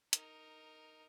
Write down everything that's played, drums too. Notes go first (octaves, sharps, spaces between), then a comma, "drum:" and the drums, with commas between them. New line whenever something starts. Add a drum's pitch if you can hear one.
D#4 A#4, drum: hi-hat